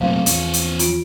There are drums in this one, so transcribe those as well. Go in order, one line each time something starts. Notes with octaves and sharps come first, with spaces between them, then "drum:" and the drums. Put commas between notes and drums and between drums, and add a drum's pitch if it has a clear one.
F1 A#2 F3 F#3 A3 C4 F5
E2 C4 C#5, drum: hi-hat
drum: hi-hat
F4 D7, drum: hi-hat